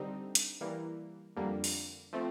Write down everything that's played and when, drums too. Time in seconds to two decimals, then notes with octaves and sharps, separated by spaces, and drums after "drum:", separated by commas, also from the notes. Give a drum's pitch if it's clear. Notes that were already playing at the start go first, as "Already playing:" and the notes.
Already playing: D3 G3 C4 D#4
0.35 drum: hi-hat
0.61 E3 G3 A#3
1.36 F2 D3 G3 A#3
1.64 drum: open hi-hat
2.13 F3 A3 C4